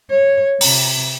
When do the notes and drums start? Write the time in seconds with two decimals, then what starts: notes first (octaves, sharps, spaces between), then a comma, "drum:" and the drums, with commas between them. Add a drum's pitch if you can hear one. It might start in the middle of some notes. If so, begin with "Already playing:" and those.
0.10 C#5
0.61 C3, drum: open hi-hat